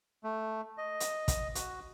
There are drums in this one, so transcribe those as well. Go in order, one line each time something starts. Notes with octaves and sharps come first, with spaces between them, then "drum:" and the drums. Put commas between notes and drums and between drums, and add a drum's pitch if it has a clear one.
A3
D#5
drum: hi-hat
drum: kick, hi-hat
F#4, drum: hi-hat